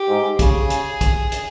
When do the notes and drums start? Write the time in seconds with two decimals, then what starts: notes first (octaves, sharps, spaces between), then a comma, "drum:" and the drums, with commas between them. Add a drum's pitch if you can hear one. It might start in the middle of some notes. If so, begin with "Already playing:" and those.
Already playing: G4
0.08 G#2
0.39 C#3 G#4, drum: kick, hi-hat
0.70 drum: hi-hat
1.01 drum: kick, hi-hat
1.32 drum: hi-hat